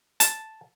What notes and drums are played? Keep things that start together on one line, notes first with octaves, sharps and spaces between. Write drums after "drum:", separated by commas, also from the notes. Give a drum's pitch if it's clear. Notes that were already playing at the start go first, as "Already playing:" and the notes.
A5, drum: hi-hat